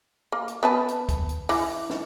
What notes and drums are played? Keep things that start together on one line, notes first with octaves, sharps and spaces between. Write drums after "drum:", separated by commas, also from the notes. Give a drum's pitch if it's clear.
A#3
drum: hi-hat
B3 B4 A5
drum: hi-hat
drum: kick, hi-hat
drum: hi-hat
E3, drum: open hi-hat
drum: snare